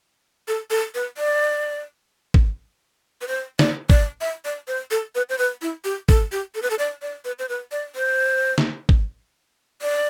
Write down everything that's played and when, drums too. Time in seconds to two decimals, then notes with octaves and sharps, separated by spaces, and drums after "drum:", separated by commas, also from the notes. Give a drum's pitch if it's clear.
0.48 A4
0.70 A4
0.95 B4
1.17 D5
2.34 drum: kick
3.21 B4
3.28 C5
3.59 D5, drum: snare
3.90 D5, drum: kick
4.21 E5
4.45 D5
4.68 C5
4.91 A4
5.15 B4
5.29 C5
5.38 B4
5.62 E4
5.84 G4
6.09 A4, drum: kick
6.32 G4
6.55 A4
6.62 B4
6.70 A4
6.79 D5
7.02 D5
7.25 B4
7.39 C5
7.49 B4
7.71 D5
7.95 C5
8.58 drum: snare
8.89 drum: kick
9.82 D5